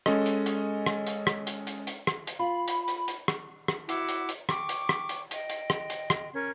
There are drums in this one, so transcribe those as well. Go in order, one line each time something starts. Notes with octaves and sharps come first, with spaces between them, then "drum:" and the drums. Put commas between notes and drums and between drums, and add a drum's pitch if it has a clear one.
G#3 C#4 A4 D#5, drum: rim click
drum: hi-hat
drum: hi-hat
drum: rim click
drum: hi-hat
drum: rim click
drum: hi-hat
drum: hi-hat
drum: hi-hat
drum: rim click
drum: hi-hat
F4 B5
drum: hi-hat
drum: hi-hat
drum: hi-hat
drum: rim click
drum: rim click
E4 F#4 F#5 D6, drum: hi-hat
drum: hi-hat
drum: hi-hat
G5 C#6 D6, drum: rim click
drum: hi-hat
drum: rim click
drum: hi-hat
D#5 G5, drum: hi-hat
drum: hi-hat
drum: rim click
drum: hi-hat
drum: rim click
C#4 A#4